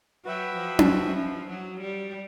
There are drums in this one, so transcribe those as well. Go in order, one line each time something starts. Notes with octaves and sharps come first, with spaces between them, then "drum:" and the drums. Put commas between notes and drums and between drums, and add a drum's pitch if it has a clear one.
F#3 F#4 B4 E5 G5
F3
drum: tom C#4
F#3
G3